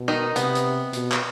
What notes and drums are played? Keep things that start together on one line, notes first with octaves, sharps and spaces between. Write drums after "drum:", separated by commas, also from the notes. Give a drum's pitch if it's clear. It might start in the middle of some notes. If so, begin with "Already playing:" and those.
Already playing: B2
D#3 D#4
C3 B3, drum: hi-hat
drum: hi-hat
B2, drum: hi-hat
drum: clap